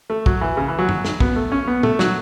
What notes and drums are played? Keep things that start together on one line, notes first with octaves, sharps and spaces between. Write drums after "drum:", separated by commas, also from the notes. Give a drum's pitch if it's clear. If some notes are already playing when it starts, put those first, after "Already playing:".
A3
F#3, drum: kick
E3
C#3
E3
F#3
drum: tom
drum: snare
B3, drum: kick
A3
C#4
B3
A3, drum: tom
F#3, drum: snare